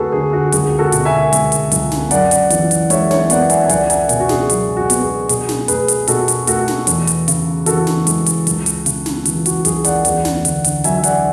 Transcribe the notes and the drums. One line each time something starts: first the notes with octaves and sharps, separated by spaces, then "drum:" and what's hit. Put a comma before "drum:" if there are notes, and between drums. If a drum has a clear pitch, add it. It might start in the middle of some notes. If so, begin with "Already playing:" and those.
Already playing: D2 D3 A3 F#4 G#4 A4 B4
D2 G#4
F#4
C#2 G#4, drum: hi-hat
F#4 A4
B2, drum: hi-hat
E5 G#5
G#3, drum: hi-hat
drum: hi-hat
C#2, drum: hi-hat
drum: snare
F#2 D5 F#5, drum: hi-hat
drum: hi-hat
E3, drum: hi-hat
drum: hi-hat
G#3 C#5 E5, drum: hi-hat
C#5 E5, drum: snare
B3 D5 F#5, drum: hi-hat
E5 G#5, drum: hi-hat
G#5
C#2 D5 F#5, drum: hi-hat
E5 G#5, drum: hi-hat
B2, drum: hi-hat
F#4
G#4, drum: snare
F#3 G#4, drum: hi-hat
F#4
B3, drum: hi-hat
G#4
B2 G#4, drum: hi-hat
drum: snare
A3 G#4 B4, drum: hi-hat
drum: hi-hat
B2 F#4 A4, drum: hi-hat
drum: hi-hat
A3 F#4 A4, drum: hi-hat
drum: snare
E2, drum: hi-hat
drum: hi-hat
C#3, drum: hi-hat
E3 F#4 A4, drum: hi-hat
drum: snare
G#3, drum: hi-hat
drum: hi-hat
C#2, drum: hi-hat
drum: hi-hat
C#3, drum: hi-hat
drum: snare
E3, drum: hi-hat
F#4, drum: hi-hat
C#2 G#4, drum: hi-hat
D5 F#5, drum: hi-hat
E2, drum: hi-hat
drum: snare
D3, drum: hi-hat
drum: hi-hat
F#3 E5 G#5, drum: hi-hat
E5
D5 F#5, drum: hi-hat